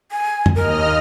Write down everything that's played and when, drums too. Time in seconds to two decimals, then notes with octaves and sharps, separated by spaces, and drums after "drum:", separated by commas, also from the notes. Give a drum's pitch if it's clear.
0.11 G#5
0.46 drum: tom
0.56 D#2 A#4 D#5 F6